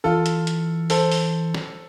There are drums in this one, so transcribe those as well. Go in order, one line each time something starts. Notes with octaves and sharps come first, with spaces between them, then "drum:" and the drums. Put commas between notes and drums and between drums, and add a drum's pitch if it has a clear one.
E3 F4 A4
drum: hi-hat
drum: hi-hat
A4 C5, drum: open hi-hat
drum: open hi-hat
drum: snare